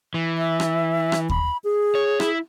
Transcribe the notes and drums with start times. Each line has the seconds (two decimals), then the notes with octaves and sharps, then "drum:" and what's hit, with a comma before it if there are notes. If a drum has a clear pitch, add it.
0.14 E3
0.38 E5
0.60 drum: rim click
1.12 drum: rim click
1.30 B5, drum: kick D#2
1.64 G#4
1.95 C#5
2.20 E4, drum: rim click